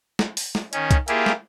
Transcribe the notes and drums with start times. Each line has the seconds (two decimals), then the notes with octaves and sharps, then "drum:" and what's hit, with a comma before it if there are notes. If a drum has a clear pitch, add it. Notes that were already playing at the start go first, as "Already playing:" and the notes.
0.19 drum: snare
0.37 drum: open hi-hat
0.55 drum: snare
0.73 D#3 C#4, drum: hi-hat
0.91 drum: kick, hi-hat
1.08 A#3 E4 F4 G4 G#4, drum: hi-hat
1.26 drum: snare